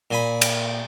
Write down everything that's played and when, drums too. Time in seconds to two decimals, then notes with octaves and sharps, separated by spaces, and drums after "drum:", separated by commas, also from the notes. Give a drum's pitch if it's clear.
0.11 A#2 G#5 B5
0.41 drum: cymbal